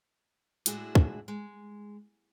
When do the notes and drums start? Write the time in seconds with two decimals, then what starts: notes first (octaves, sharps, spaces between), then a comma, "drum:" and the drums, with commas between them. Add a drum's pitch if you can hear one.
0.66 A2 G#3 D4 E4 F#4 G#4, drum: hi-hat
0.95 drum: kick
1.28 G#3